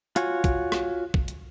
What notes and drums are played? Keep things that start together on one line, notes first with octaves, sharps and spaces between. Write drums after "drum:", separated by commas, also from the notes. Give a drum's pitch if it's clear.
F4 F#4 C#5 G#5, drum: hi-hat
drum: kick B1, hi-hat
drum: rim click
drum: kick B1
drum: hi-hat